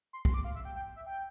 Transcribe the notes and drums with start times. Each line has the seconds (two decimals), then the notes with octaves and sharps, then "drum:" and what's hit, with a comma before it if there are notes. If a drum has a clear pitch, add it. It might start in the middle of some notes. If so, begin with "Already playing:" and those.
0.13 C6
0.25 C6, drum: kick
0.34 D6
0.45 F5
0.55 E5
0.65 G5
0.76 G5
0.96 E5
1.06 G5